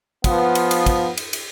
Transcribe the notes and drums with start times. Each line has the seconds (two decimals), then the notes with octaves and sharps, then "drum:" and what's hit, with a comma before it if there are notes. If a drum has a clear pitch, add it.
0.24 F3 B3, drum: kick, cymbal
0.55 drum: cymbal
0.71 drum: cymbal
0.86 drum: kick, cymbal
1.17 drum: cymbal
1.33 drum: cymbal